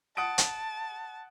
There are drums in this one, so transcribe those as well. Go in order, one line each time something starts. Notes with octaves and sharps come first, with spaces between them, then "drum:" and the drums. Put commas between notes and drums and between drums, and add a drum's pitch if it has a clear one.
F#5 A5 D#6 D7
drum: hi-hat